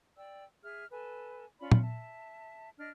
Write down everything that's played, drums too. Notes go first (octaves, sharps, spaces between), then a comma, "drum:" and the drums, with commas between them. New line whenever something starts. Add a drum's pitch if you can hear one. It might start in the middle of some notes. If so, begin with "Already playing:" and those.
D5 G5 E6
G#4 E5 F6
A4 B4 G#5
C#4 F4 D5 B5
drum: tom A#2
E5 A5
D4 D#5 F6